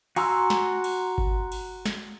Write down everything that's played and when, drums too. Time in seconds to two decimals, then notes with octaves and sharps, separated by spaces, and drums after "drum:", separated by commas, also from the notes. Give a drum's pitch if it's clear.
0.16 F#4 G#5 A#5 C6 E6, drum: cymbal
0.50 drum: snare
0.84 drum: cymbal
1.18 drum: kick G1
1.52 drum: cymbal
1.86 drum: snare